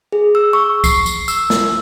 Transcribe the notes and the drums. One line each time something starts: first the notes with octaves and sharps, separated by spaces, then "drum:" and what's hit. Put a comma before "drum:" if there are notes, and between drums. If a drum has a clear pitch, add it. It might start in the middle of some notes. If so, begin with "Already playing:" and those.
G#4
E6
C#6
C7, drum: kick, tambourine
drum: tambourine
E6, drum: tambourine
drum: snare